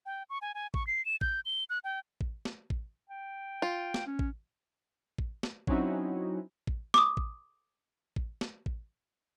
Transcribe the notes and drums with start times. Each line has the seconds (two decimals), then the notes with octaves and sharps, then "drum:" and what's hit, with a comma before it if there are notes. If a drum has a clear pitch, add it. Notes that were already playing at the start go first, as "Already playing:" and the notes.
0.06 G5
0.30 C#6
0.42 G#5
0.55 G#5
0.74 C#6, drum: kick A1
0.87 C7
1.05 E7
1.21 G6, drum: kick A1
1.45 G7
1.70 F#6
1.84 G5
2.21 drum: kick A1
2.45 drum: snare
2.70 drum: kick A1
3.10 G5
3.62 F4
3.94 drum: snare
4.07 C#4
4.19 drum: kick A1
5.18 drum: kick A1
5.43 drum: snare
5.67 F#3 C4 C#4 D#4 E4 F#4, drum: kick A1
6.67 drum: kick A1
6.94 D6 D#6, drum: snare
7.17 drum: kick A1
8.16 drum: kick A1
8.41 drum: snare
8.66 drum: kick A1